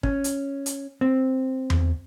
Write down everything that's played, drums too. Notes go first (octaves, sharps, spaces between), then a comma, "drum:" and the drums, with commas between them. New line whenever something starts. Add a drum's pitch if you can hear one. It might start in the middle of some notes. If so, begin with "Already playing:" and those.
C#4, drum: kick
drum: hi-hat
drum: hi-hat
C4
drum: tom E2